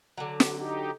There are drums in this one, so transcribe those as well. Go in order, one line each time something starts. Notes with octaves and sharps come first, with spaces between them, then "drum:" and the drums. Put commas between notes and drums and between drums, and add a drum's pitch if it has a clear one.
D3 F#3
drum: snare
D#4 G4